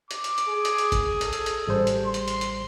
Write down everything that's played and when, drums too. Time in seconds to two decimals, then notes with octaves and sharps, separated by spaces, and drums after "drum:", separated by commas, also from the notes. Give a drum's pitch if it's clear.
0.11 D6, drum: hi-hat
0.24 drum: hi-hat
0.38 drum: hi-hat
0.48 G#4
0.65 drum: hi-hat
0.78 drum: hi-hat
0.92 drum: kick G1, hi-hat
1.21 A4, drum: hi-hat
1.33 drum: hi-hat
1.46 drum: hi-hat
1.68 A1 G3 C5
1.87 drum: hi-hat
2.05 C6
2.14 drum: hi-hat
2.28 drum: hi-hat
2.41 drum: hi-hat